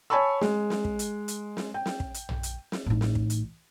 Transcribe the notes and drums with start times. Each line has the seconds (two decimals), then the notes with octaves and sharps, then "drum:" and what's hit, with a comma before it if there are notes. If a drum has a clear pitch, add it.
0.10 C#5 G#5 A5 B5 C#6 E6
0.41 G#3, drum: snare
0.70 drum: snare
0.85 drum: kick
0.99 drum: hi-hat
1.28 drum: hi-hat
1.57 drum: snare
1.74 G5
1.86 drum: snare
2.00 drum: kick
2.14 drum: hi-hat
2.29 drum: tom
2.43 drum: hi-hat
2.72 drum: snare
2.86 A1 D#4
3.01 drum: snare
3.15 drum: kick
3.30 drum: hi-hat